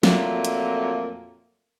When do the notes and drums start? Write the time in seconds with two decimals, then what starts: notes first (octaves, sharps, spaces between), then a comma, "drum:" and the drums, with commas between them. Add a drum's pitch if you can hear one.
0.03 F2 A#2 F#3 A3 A#3, drum: snare
0.45 drum: hi-hat